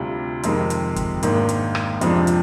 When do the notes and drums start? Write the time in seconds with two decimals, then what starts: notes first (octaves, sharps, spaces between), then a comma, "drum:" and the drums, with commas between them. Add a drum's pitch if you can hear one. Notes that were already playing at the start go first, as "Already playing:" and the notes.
Already playing: D2 C3 G3 D4 F4
0.43 F2 C3 D#3 G#3, drum: hi-hat
0.70 drum: hi-hat
0.96 drum: kick, hi-hat
1.23 G#1 G#2 D#3 A#3 D4, drum: hi-hat
1.49 drum: hi-hat
1.75 drum: rim click
2.01 F2 C3 F3 G#3 D4, drum: hi-hat
2.27 drum: hi-hat